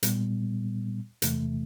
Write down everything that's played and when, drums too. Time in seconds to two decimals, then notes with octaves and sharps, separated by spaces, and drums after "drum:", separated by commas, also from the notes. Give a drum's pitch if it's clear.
0.03 A#2 G3 B3, drum: hi-hat
1.22 E2 C3 E3 A3, drum: hi-hat